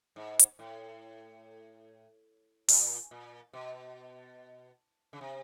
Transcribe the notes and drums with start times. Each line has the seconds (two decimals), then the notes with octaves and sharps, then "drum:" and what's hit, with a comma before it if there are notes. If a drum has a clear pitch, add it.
0.16 G#2
0.39 drum: hi-hat
0.59 A2
2.68 A#2, drum: open hi-hat
3.11 A#2
3.53 B2
5.13 C#3
5.21 C3